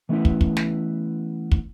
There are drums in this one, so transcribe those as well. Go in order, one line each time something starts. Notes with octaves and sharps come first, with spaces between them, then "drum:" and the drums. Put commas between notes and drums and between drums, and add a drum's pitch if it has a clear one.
E3 A3 B3 C#4 E4 B4
drum: kick
drum: kick
drum: snare
drum: kick